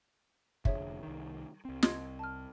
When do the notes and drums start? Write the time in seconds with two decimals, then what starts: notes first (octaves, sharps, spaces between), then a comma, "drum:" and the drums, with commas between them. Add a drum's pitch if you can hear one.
0.65 F1 D3 G#4 C#5 E5, drum: kick
1.03 C2 D#3
1.65 C2 C4
1.83 D#5 C6 G#6, drum: snare
2.19 A5 F6